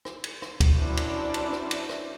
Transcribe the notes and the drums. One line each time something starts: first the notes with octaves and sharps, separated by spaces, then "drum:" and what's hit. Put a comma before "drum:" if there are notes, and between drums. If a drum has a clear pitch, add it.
drum: rim click
drum: cymbal
drum: rim click
drum: kick, cymbal
F#3 C#4 D4 E4 C5 D5
drum: cymbal
drum: cymbal
drum: rim click
drum: cymbal
drum: rim click